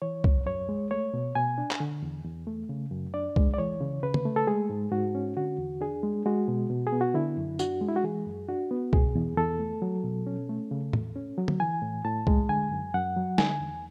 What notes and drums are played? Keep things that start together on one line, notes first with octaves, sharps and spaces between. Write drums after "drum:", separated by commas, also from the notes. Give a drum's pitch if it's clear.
E3 C#5
F#2, drum: kick C2
F#2 C#5
G#3
A3 C#5
B2
B2 G#5
D4
drum: clap
D3
E2
E2
A3
C#3
F#2
D4 D5
G#3, drum: kick C2
D5
E3 C#5
C#3
C#3 B4
drum: tom D3
A3
A4
G#3 G#4
G#2
G#2 F#4
C#4
D3 F#4
E2
D4 G#4
G#3
G#3 F#4
B2
B2
G#4
B3
F#4
D3 E4
F#2
D4 F#4, drum: tambourine
G#3
E4
F#4
E3 G#4
F#2
D4 F#4
B3
B2 G#4, drum: kick C2
E2
E2 A4
A3
F#3
B2
C#4
A3
C#3
E2, drum: tom A2
C#4
F#3
drum: tom D3
E3 G#5
A2
A2 A5
G#3, drum: kick C2
D3 G#5
F#2
F#2 F#5
F#3
D3 G#5, drum: snare
E2